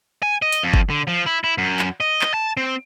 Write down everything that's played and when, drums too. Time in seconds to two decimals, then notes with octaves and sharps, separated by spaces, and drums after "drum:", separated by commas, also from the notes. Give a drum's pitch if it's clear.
0.23 G#5
0.42 D#5
0.52 drum: hi-hat
0.63 F2
0.74 drum: kick G1
0.90 D3
1.07 F3
1.26 E4
1.44 E4
1.58 F#2
1.79 drum: clap
2.00 D#5
2.21 drum: clap
2.34 A5
2.57 C4